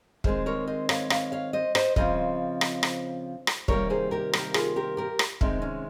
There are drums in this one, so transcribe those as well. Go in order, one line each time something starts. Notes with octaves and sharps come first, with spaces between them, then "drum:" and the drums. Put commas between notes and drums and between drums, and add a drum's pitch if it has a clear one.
D#3 G#3 C4 G#4 C5, drum: kick
A#4 C#5
C5 D#5
C#5 F5, drum: rim click
C#5 F5, drum: rim click
C#5 F5
C5 D#5
C5 D#5, drum: rim click
C#3 F3 C4 C5 D#5, drum: kick
drum: rim click
drum: rim click
drum: rim click
C3 D#3 G3 A#3 A#4 C#5, drum: kick
G#4 C5
G4 A#4
G4 A#4, drum: rim click
F4 G#4, drum: rim click
G4 A#4
G4 A#4
drum: rim click
C3 D#3 G#3 C4 D#4, drum: kick
C#4